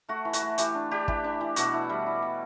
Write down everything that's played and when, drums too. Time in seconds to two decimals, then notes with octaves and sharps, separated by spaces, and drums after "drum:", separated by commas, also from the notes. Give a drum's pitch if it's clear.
0.09 A3 F#4
0.25 E3
0.33 F#4, drum: hi-hat
0.42 A3
0.58 E3 G4, drum: hi-hat
0.75 D4
0.91 D4 G4
1.08 E3, drum: kick
1.24 D4
1.41 E3
1.56 B2 F#4, drum: hi-hat
1.73 E4
1.89 G3
2.06 E4
2.22 B2